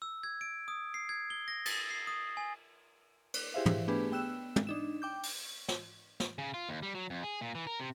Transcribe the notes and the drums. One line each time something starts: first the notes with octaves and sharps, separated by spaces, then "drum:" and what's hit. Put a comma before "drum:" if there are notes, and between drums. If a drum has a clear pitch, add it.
E6
G#6
D7
D#6
C7
G#6
G7
A#6
A6, drum: cymbal
C7
D#6
G#5
drum: cymbal
E4 G4 G#4 C5 E5 F5
drum: tom
A3 B3 D4 G4 G#4 B4
B3 G5 E6 F#6 E7
drum: tom
D4 D#4 E7
G5 D6 G6
drum: open hi-hat
drum: snare
drum: snare
C#3
F4
D#2
G3
F#3
F2
G#4
A#2
E3
A#4
C3